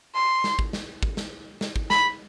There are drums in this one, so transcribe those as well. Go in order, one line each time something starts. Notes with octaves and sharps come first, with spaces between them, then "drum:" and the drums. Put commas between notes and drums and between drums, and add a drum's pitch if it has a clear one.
C6
drum: snare
drum: kick
drum: snare
drum: kick
drum: snare
drum: snare
drum: kick
B5, drum: snare